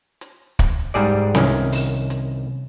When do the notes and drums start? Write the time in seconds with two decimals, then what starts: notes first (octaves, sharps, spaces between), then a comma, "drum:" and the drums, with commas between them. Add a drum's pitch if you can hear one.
0.21 drum: hi-hat
0.59 drum: kick, hi-hat
0.94 G#2 G3 G#4 D5
1.35 C2 D#3 C#4, drum: snare C4
1.72 drum: open hi-hat
2.10 drum: hi-hat